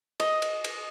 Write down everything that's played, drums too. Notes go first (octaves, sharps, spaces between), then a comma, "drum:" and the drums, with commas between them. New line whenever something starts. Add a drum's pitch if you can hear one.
D#5, drum: cymbal
drum: cymbal
drum: cymbal